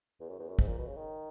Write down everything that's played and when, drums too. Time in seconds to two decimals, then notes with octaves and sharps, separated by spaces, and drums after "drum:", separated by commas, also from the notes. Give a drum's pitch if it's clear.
0.20 E2
0.29 F#2
0.39 E2
0.49 F#2
0.59 G#2, drum: kick
0.68 A#2
0.78 B2
0.87 C#3
0.97 D#3